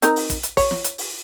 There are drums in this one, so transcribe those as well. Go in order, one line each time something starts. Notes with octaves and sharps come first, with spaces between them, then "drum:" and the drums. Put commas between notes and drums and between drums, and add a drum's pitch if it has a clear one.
C4 D#4 A#4, drum: hi-hat
drum: open hi-hat
drum: kick, hi-hat
drum: hi-hat
C#5, drum: kick, open hi-hat
drum: snare
drum: hi-hat
drum: open hi-hat